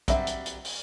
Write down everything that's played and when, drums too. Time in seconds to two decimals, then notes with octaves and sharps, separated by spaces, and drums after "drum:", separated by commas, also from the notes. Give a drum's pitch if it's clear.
0.08 F#3 G3 C4 E5, drum: kick, hi-hat
0.27 drum: hi-hat
0.46 drum: hi-hat
0.65 drum: open hi-hat